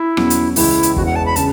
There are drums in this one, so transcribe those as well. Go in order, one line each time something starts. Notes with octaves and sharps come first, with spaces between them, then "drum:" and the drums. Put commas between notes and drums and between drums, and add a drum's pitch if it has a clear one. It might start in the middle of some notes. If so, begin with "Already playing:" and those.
Already playing: E4
E2 B2 F#3 C#4, drum: rim click
drum: hi-hat
C#2 C#3 E3 C#4 E4, drum: open hi-hat
drum: hi-hat
E1 E2 E3 F#4, drum: kick
F#5
A5
B5
C#3 A5, drum: hi-hat